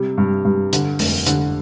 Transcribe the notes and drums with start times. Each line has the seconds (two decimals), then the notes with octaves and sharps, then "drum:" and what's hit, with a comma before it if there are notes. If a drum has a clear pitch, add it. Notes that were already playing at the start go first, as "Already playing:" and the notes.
Already playing: C3 G3
0.18 G2
0.45 G2
0.73 D3, drum: hi-hat
0.99 F1, drum: open hi-hat
1.26 D3, drum: hi-hat